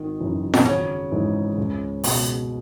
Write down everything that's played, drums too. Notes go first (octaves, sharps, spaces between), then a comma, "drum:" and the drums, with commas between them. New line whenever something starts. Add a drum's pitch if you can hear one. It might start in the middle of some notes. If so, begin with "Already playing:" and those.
Already playing: G#1 D#3
F#2 C#3 E3
B2, drum: snare F4
G#1 C#3
G#2 E3 G#3 D#4
C#2
B2 G#3, drum: open hi-hat